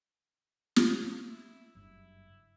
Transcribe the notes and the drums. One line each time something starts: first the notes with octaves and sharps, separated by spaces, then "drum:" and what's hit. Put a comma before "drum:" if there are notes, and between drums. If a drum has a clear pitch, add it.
drum: snare
F4
E4
F#1 G2 F#3 E4